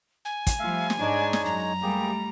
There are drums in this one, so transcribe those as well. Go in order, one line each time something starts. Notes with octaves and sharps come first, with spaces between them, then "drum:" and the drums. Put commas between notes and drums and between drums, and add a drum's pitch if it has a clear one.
G#5
drum: kick, hi-hat
F3 G3 A3 E5 F5
drum: snare
G#2 G#3 D4 D#4 C#5
drum: snare
F#2 A#5
G3 A3 A#3 G4 G#4